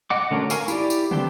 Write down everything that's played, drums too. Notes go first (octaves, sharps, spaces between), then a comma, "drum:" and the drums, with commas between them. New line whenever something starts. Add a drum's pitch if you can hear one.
D#5 F#5 D6
D3 A3 C#4 F#4 A#4
A4 A#4 F5 G#5 C#6, drum: tambourine
E4 G4 D5, drum: tambourine
drum: tambourine
B3 C4 D4 G4 A4, drum: tom